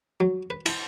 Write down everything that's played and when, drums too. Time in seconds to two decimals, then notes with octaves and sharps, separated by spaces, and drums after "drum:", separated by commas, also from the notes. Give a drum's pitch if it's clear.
0.20 F#3
0.50 B4
0.66 E4, drum: cymbal